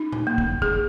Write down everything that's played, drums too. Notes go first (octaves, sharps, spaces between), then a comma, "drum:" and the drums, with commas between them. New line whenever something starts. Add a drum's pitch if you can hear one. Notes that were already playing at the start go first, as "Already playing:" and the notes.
Already playing: D#4
drum: tom A#2
A#3
drum: kick
G#4, drum: kick